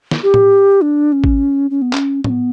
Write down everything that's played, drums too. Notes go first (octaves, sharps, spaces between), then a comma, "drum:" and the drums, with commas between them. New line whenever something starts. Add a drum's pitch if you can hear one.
drum: snare
G4
drum: tom A2
D4
C#4
drum: kick G#1
C#4
B3
C#4, drum: clap
C#4, drum: tom A2
B3